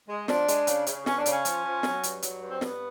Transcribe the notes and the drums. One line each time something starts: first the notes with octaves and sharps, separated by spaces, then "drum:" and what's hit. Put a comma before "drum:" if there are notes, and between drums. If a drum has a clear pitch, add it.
G#3
F3 D4, drum: snare
G#3, drum: hi-hat
C#3, drum: hi-hat
C#3, drum: hi-hat
E2 C#4, drum: snare
D4
C#3, drum: hi-hat
C#4
F3, drum: hi-hat
F3
F#3, drum: snare
G2, drum: hi-hat
F#3, drum: hi-hat
G2
C4
G2 B3, drum: snare